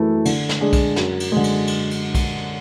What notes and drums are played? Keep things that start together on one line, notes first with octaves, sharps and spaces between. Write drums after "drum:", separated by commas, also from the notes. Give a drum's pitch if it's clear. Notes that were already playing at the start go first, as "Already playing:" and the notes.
Already playing: F#2 E3 A3 E4
D3, drum: cymbal
drum: snare
G#3 D4 G#4
drum: kick, cymbal
F#2, drum: snare
drum: cymbal
D3 G#3
drum: cymbal
drum: cymbal
drum: cymbal
drum: kick, cymbal